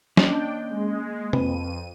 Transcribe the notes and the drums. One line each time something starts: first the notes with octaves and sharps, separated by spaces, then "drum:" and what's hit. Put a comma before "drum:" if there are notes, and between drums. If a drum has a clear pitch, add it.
A#3 C#4 D4 D#5 G5, drum: snare
G#3
F2 C4 B4 D#7, drum: tom